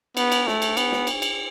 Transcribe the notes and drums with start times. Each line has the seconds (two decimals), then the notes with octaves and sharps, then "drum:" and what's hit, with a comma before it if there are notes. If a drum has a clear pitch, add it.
0.17 B3, drum: cymbal
0.32 drum: cymbal
0.47 A3, drum: snare
0.62 drum: cymbal
0.77 B3, drum: cymbal
0.92 drum: snare
1.07 drum: cymbal
1.22 drum: cymbal